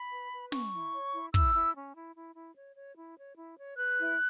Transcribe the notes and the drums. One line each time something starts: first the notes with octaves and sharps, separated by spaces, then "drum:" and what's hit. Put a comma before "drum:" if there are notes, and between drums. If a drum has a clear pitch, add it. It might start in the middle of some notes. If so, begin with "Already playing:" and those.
Already playing: B5
B4
B4
C#4 C#6, drum: snare
E4
C#5
E4
E4 E6, drum: kick
E4
C#4
E4
E4
E4
C#5
C#5
E4
C#5
E4
C#5
B4 F#6
E4